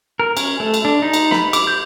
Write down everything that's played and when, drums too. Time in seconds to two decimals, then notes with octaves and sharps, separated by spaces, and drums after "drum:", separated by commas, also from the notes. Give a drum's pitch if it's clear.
0.20 A#4
0.37 C#4, drum: cymbal
0.60 A3
0.74 drum: cymbal
0.85 D4
1.02 D#4
1.14 drum: cymbal
1.31 B5, drum: snare
1.53 D6, drum: cymbal
1.67 G6